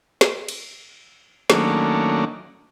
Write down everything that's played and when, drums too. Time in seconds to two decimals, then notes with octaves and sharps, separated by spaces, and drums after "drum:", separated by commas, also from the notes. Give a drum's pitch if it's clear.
0.21 drum: snare
0.49 drum: cymbal
1.50 D#3 F#3 A3 A#3 C#4 D4, drum: snare